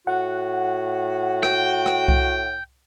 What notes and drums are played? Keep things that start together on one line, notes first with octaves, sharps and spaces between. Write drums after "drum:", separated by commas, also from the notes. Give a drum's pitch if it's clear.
A2 F#4 F#5
G5, drum: rim click
drum: rim click
drum: kick C2